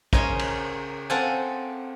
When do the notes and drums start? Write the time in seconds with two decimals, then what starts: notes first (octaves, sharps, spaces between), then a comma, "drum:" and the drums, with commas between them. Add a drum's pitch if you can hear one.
0.13 C#3 A#4 C5 C#5 D#5 G#5, drum: kick
0.39 drum: cymbal
1.10 C4 A4 C5 F5 F#5 G#5